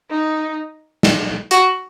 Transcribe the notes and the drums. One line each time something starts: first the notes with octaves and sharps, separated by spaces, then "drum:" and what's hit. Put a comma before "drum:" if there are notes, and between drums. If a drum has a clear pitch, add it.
D#4
drum: snare
F#4, drum: hi-hat